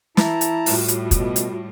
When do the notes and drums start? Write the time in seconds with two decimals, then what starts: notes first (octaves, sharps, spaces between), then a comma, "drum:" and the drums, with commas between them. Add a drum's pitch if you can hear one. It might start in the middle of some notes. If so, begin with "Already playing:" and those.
0.17 E3 E4 A5 A#5, drum: snare
0.41 drum: hi-hat
0.66 A2 G3 F4 F#4, drum: open hi-hat
0.88 drum: hi-hat
1.11 B2, drum: kick, hi-hat
1.36 drum: hi-hat